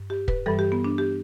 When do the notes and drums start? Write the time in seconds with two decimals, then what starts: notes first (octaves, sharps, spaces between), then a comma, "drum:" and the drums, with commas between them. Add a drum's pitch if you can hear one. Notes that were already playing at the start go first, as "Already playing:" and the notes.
Already playing: G2
0.10 G4
0.28 B4, drum: kick
0.46 G2 E3 G3 A4
0.59 G4
0.72 B3
0.84 D4
0.98 G4